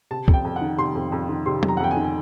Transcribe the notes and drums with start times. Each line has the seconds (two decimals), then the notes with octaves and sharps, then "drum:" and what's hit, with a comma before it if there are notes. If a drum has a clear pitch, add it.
0.11 C3 A5
0.28 F2, drum: kick
0.34 G5
0.45 F2
0.56 F#5
0.61 D#3
0.78 C3 C6
0.95 F2
1.12 F2
1.29 D#3
1.46 C3 C6
1.63 F2, drum: tom F#3
1.68 A#5
1.77 F#5
1.80 F2 G5
1.91 G#5
1.97 D#3
2.04 G#5